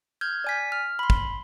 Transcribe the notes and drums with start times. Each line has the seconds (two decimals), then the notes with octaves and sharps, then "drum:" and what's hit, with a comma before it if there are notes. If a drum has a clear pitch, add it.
0.21 F6 G6 G#6
0.44 D5 G#5 B6
0.72 F6
0.99 B5 C6
1.10 drum: kick